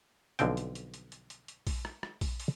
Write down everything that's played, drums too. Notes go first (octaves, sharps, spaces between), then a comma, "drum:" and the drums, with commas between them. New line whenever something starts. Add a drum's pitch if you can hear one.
B1 D3 F3 C4 G5, drum: hi-hat
drum: hi-hat
drum: hi-hat
drum: hi-hat
drum: hi-hat
drum: hi-hat
drum: hi-hat
drum: kick A#1, open hi-hat
drum: rim click
drum: rim click
drum: kick A#1, open hi-hat
drum: open hi-hat